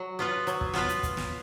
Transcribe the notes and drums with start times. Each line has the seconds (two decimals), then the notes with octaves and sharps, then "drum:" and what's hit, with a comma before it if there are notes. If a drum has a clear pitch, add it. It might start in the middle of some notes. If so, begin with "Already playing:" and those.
Already playing: F#3
0.19 B3 F4 B4
0.47 F#3, drum: hi-hat
0.61 drum: kick
0.73 B3 F4 B4, drum: snare
0.89 drum: hi-hat
1.03 drum: kick, hi-hat
1.17 drum: snare